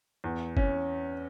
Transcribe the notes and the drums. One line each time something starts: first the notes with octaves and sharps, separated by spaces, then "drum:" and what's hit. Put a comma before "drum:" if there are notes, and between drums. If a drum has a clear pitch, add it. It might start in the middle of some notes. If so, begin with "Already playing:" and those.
E2
C#4, drum: kick F#1